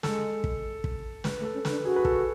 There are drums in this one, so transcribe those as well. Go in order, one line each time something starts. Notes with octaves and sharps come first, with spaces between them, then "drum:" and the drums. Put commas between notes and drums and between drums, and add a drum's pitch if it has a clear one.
G#3 A4, drum: snare
drum: kick
drum: kick
G#3 B4, drum: snare
A3
A4
C#4
D4 B4, drum: snare
F#4 G#4
B4
A4, drum: kick